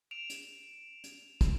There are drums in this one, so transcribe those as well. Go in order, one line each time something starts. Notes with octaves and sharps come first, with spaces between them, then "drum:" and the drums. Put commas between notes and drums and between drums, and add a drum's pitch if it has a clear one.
D7 E7 F7
drum: hi-hat
drum: hi-hat
drum: kick, hi-hat